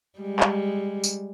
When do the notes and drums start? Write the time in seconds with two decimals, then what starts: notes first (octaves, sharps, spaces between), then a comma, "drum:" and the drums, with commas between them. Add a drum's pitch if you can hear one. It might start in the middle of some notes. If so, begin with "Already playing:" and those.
0.19 G3 G#3
0.40 drum: clap
1.04 drum: tambourine